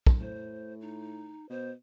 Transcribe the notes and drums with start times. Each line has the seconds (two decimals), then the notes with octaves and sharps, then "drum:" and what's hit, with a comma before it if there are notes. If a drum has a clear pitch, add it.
0.06 drum: kick
0.21 A2 C5
0.81 D#4
1.50 B2 C5